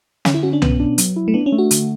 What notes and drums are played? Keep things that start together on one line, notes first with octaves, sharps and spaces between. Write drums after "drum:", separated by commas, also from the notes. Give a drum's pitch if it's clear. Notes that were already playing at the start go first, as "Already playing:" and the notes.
D3 C#4, drum: snare
E4
C#4 F#4
D4
B2 B3, drum: tom C2
D4
F#3, drum: hi-hat
E4
A3
B3 D4
C#4
A3
F#4
D3, drum: hi-hat